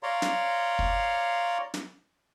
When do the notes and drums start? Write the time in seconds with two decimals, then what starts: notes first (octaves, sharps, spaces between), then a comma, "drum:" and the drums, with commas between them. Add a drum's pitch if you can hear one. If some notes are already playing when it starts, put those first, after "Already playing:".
0.03 C#5 D5 F5 A#5 C6
0.22 drum: snare
0.79 drum: kick
1.74 drum: snare